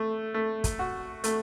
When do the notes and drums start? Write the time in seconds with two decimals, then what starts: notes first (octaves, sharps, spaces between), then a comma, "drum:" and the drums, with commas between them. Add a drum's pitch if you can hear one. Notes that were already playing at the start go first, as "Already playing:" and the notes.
Already playing: A3
0.34 A3
0.64 drum: kick, hi-hat
0.79 F#4
1.24 A3, drum: hi-hat